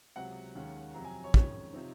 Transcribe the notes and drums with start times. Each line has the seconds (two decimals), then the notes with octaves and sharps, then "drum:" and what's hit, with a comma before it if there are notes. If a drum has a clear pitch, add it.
0.16 C#2 C3 F#3 F#5
0.55 D#2 D#3 G#3 C#4
0.95 F2 C3 F#3 C4 A#5
1.05 G#5
1.24 C#5
1.34 F2 D#3 G#3 C#4 C#5, drum: kick
1.73 C3 F3 C4 D#4